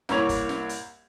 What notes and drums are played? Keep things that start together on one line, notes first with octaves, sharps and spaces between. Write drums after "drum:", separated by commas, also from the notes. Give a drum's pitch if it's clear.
C2 A#3 E4 C#5 F7, drum: snare
drum: kick, hi-hat
drum: snare
drum: hi-hat